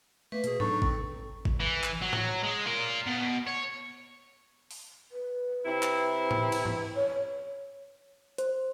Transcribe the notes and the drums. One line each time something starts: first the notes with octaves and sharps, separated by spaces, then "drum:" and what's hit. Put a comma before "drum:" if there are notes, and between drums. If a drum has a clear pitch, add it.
A3 A#3 B4
B2 G#4, drum: hi-hat
F#3 D4 D#4 A4 C#6, drum: tom G#2
C4, drum: kick G#1
drum: kick G#1
E3
drum: clap
F#3
drum: tom A2
G#3
F4 A#4
B2
C#5
drum: open hi-hat
B4
C3 C4 E4
drum: clap
drum: tom A2
drum: cymbal
drum: tom G#2
C#5
C5, drum: hi-hat